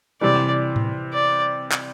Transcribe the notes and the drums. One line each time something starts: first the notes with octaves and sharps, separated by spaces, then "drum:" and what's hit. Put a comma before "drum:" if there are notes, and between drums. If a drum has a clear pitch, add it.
C3 E3 G3 D5
drum: tom A2
D5
drum: clap